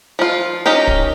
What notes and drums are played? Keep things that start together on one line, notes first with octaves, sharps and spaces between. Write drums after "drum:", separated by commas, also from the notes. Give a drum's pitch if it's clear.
F3 F4
C#4 D#4 G4 A#4
drum: kick